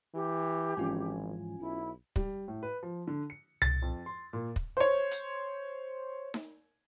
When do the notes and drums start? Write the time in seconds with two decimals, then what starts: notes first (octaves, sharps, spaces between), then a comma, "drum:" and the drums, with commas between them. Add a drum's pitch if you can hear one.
0.15 E3 G4
0.77 G#1 G#2 E3 F3 C#4 F4 G#5
1.60 B1 E4
2.16 G3, drum: kick
2.48 A2
2.63 B4
2.83 F3
3.07 D3
3.30 C#7
3.62 A6, drum: tom C2
3.82 F2
4.06 C6
4.33 A#2
4.56 drum: kick
4.77 C5 C#5
5.11 drum: hi-hat
6.34 drum: snare D#4